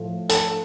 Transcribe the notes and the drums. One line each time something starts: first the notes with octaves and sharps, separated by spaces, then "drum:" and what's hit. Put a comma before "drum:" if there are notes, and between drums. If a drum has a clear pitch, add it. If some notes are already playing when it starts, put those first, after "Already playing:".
Already playing: A2 F3 A3
A4, drum: hi-hat